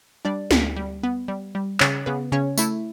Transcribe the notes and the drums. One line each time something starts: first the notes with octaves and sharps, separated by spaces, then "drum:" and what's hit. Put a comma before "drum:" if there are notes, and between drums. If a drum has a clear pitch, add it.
G3 D4 D5
D2, drum: snare
G3
B3
G3
G3
C#3 C#4 C#5, drum: clap
C#3 B3 B4
C#3 C#4 C#5
A3 E4 E5, drum: tambourine